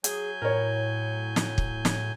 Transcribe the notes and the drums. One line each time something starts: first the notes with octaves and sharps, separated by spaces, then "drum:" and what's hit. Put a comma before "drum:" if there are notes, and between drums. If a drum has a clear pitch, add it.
F#3 G#4 G#5 G6, drum: hi-hat
A2 A#4 C#5
drum: snare
drum: kick
drum: snare